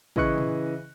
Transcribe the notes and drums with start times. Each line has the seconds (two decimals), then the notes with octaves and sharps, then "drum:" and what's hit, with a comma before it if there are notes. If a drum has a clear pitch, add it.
0.16 C#3 E3 D#5 C#6 F#6 C#7, drum: kick
0.38 drum: tom